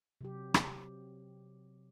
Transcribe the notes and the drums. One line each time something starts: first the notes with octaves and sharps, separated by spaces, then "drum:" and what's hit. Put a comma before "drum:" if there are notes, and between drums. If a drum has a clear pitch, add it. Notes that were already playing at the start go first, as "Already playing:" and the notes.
C3 F#3 G4
drum: rim click